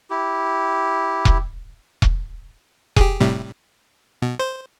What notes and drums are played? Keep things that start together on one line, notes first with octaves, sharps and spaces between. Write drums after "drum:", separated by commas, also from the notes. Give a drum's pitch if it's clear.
E4 G4
drum: kick E1
drum: kick E1
G4 G#4, drum: kick E1
A2 C3 G3
B2
C5